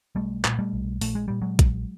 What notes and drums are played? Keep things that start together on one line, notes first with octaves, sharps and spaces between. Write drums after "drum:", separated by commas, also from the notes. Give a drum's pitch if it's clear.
B1 G3 A3
A#2, drum: clap
G3 A3
B1
A#1 A3, drum: open hi-hat
G#3
A#2 G3
F#3 G#3
A#1, drum: kick A1, hi-hat